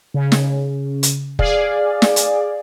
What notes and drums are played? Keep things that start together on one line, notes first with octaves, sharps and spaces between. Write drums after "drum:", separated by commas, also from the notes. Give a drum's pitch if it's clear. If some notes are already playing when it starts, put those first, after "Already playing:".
C#3
drum: snare
drum: hi-hat
G#4 D5 F5, drum: kick
drum: snare
drum: hi-hat